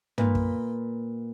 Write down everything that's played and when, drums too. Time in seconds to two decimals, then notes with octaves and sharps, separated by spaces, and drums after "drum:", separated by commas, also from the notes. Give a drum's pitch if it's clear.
0.18 A#2 B4, drum: tom
0.35 drum: kick